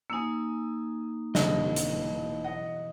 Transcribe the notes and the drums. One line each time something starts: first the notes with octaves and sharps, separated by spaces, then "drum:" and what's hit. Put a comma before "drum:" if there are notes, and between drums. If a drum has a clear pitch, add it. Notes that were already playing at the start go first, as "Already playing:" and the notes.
A#3 D#4 G#5 E6
E1 F2 D3 G3 D#5, drum: snare
drum: hi-hat
D#5 F#5